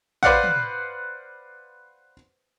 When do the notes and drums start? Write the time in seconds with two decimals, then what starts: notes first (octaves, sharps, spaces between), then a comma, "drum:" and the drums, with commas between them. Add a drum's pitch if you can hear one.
0.23 B4 C5 D5 F5 F#5, drum: kick
0.44 drum: tom